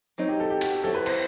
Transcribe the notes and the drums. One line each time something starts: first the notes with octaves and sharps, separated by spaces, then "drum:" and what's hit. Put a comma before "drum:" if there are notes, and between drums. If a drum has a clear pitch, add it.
F#3 C4 D#4
G4
A4
G4
F#4, drum: cymbal
G4
F#3 C4 E4 A4
B4
C5, drum: cymbal